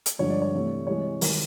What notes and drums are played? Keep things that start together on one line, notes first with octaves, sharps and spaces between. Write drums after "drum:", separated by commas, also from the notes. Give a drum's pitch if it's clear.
drum: hi-hat
G2 D3 F3 G#3 C#5
D5
C#5
C3 E3 A3
C3 E3 G#3 C#5
D#3 G#3 A#4, drum: open hi-hat